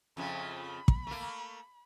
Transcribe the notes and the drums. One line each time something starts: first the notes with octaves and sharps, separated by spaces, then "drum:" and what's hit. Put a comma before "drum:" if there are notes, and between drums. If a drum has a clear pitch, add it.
F2 C#3 F3 E4
B5
drum: kick
A3 A#3